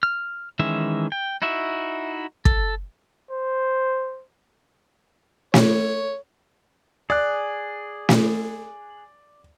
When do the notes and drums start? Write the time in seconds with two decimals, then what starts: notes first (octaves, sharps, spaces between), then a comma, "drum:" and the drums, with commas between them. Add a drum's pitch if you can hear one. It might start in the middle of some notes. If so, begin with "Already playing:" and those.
0.03 F6
0.59 D#3 E3 G#3 C#4 E5
1.12 G5
1.42 D#4 E4 F#4 E5
2.45 A4, drum: kick
3.30 C5
5.54 C#5, drum: snare
7.10 G#4 D5 F#6
8.09 drum: snare